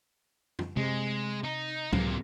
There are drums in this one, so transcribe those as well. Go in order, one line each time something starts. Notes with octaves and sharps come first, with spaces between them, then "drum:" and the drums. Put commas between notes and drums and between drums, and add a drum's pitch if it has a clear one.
drum: tom F#2
C3 G#3
D#4
C#2 A2 C3 F#3 A#3, drum: tom